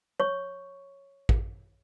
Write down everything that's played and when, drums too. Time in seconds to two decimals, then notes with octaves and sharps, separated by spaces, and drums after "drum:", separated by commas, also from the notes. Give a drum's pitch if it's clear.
0.20 C#5 C#6
1.29 drum: kick